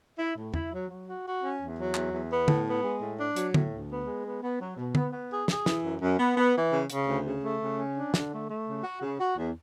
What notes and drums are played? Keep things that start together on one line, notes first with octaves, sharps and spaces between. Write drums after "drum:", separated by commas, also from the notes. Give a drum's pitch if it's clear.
E4
A2
E4, drum: tom E2
F#3
F#3
F#4
F#4
C#4
E2
F#3
E2, drum: clap
E2
B3
A2, drum: tom
B3
G#3
A2
D4
F#3, drum: hi-hat
A2, drum: tom D3
D2
B3
G#3
B3
B3
F#3
B2
B3, drum: tom D3
B3
G#4
G#4, drum: snare
E3, drum: snare
F#2
F#2
B3
B3
E3
C#3
C#3, drum: hi-hat
D2
C#3
A3
C#3
C#4
D4
D3, drum: snare
A3
A3
C#3
F#4
C#3
F#4
E2